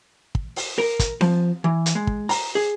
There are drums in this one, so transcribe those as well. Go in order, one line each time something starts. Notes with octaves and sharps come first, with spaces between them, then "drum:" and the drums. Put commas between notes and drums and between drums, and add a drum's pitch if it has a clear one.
drum: kick
drum: open hi-hat
A#4
drum: kick, hi-hat
F3, drum: snare C4
E3
drum: hi-hat
G#3
drum: kick
A#5, drum: open hi-hat
G#4